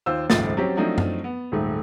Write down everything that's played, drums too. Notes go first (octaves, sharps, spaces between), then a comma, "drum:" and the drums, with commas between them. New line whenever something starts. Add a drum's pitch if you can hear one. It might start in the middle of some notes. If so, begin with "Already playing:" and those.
D#2 F4 C5 E6
D#1 G#1 C#2 F3 A3 A6, drum: snare
F#3 C4 C#4 G4
F3 F#3 A3 C4 D4 D#4
drum: tom F#2
B3
D#1 G#2 A3